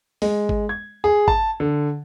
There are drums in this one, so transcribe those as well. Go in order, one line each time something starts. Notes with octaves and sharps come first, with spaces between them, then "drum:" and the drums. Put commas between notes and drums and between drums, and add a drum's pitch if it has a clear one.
G#3, drum: open hi-hat
drum: kick G#1
G#6
G#4
A5, drum: kick G#1
D3